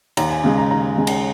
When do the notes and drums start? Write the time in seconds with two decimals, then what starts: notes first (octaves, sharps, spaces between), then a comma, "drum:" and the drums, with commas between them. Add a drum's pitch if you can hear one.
0.17 D#2 A#5, drum: cymbal
0.30 G#5
0.44 C#3 G#3
0.58 A#5
0.71 D#2 A#5
0.98 C#3 G#3
1.07 drum: cymbal